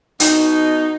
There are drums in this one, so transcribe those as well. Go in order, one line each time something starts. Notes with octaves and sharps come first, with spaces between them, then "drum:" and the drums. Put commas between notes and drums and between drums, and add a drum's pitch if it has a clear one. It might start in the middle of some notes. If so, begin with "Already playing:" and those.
B2 D#4, drum: hi-hat